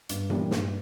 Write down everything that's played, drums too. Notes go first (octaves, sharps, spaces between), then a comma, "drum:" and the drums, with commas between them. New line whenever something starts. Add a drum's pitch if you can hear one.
G2, drum: hi-hat
E3 G3 A#3 D4, drum: tom A#2
G2, drum: snare